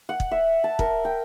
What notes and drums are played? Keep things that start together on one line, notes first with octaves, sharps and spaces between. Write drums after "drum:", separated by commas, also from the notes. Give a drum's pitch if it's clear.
F#5
drum: kick
E5
A5
A#4, drum: kick
G5